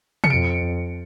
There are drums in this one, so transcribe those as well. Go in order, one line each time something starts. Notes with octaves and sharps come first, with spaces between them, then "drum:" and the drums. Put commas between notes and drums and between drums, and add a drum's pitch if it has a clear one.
C#7, drum: tom
F2 D7